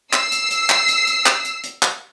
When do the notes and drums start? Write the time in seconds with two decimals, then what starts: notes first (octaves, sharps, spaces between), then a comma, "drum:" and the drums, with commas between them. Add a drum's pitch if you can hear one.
0.13 E6 C7, drum: clap
0.32 drum: hi-hat
0.51 drum: hi-hat
0.70 drum: clap
0.88 drum: hi-hat
1.07 drum: hi-hat
1.26 drum: clap
1.45 drum: hi-hat
1.64 drum: hi-hat
1.82 drum: clap